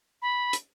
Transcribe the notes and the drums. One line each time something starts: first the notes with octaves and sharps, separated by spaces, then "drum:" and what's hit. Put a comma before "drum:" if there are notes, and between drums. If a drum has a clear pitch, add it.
B5
drum: hi-hat